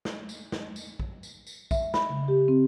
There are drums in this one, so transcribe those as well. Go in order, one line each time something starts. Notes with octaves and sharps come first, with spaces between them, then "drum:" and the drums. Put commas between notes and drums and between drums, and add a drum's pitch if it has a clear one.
drum: snare
drum: tambourine
drum: snare
drum: tambourine
drum: kick A#1
drum: tambourine
drum: tambourine
E5, drum: kick A#1, tambourine
B5, drum: snare
C#3
G4
C4